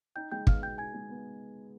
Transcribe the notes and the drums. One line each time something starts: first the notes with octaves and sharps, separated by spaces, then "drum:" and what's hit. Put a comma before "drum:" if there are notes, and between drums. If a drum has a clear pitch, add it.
D#4 G5 G6
G#3 G5 G6
B3 F5 F6, drum: kick
B2 G5 G6
D#4 G#5 G#6
G#3
B3